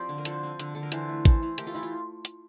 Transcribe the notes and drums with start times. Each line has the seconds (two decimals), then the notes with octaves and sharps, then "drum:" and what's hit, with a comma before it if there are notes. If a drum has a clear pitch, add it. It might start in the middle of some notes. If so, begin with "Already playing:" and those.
Already playing: F3 C4 G4 C5 D5
0.09 D3
0.18 A#4
0.25 F3 A4 C5, drum: hi-hat
0.43 C4
0.59 D3, drum: hi-hat
0.75 D3 A4
0.83 A#4
0.92 E3 A4 C5, drum: hi-hat
1.09 A3
1.25 E3 A4 C5, drum: kick, hi-hat
1.43 E3
1.58 A3 G4 A#4, drum: hi-hat
1.66 F4 A4
1.75 E3 E4 G4
1.83 F4
2.25 drum: hi-hat